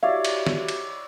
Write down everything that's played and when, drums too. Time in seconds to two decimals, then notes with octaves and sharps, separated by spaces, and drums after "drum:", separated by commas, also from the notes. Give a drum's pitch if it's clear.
0.03 E4 F#4 G4 C#5 D5 E5 F5
0.25 drum: cymbal
0.47 drum: snare
0.68 drum: cymbal